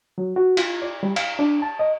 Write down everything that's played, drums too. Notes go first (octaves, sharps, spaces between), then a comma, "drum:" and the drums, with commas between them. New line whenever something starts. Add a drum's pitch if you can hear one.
F#3
F#4
F4, drum: cymbal
D5
G3
F5, drum: cymbal
D4
A5
D#5